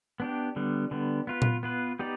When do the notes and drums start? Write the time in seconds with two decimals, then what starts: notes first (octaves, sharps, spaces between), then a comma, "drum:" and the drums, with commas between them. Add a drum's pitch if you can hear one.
0.20 B3 D4 G4
0.56 D3 G3 B3
0.91 D3 G3 B3
1.27 B3 F4 B4
1.42 drum: tom A#2
1.63 B3 F4 B4
1.99 B3 D#4 G4 D5